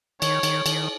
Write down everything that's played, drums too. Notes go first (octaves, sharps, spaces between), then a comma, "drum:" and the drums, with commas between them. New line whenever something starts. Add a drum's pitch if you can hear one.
D#3 C#5, drum: cymbal
D#3, drum: cymbal
D#3, drum: cymbal